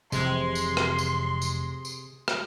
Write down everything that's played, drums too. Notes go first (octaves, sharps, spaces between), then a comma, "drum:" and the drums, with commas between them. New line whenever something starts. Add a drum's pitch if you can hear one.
F1 C3 E3 G#3 C6, drum: tambourine
drum: tambourine
drum: rim click
drum: tambourine
drum: tambourine
drum: tambourine
drum: rim click